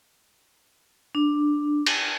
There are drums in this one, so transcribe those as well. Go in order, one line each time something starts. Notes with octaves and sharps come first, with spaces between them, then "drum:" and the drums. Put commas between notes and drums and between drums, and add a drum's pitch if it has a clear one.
D4
drum: cymbal